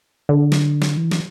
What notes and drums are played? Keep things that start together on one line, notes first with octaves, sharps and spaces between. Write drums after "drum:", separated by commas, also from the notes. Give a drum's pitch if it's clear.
D3
drum: snare
drum: snare
E3
drum: snare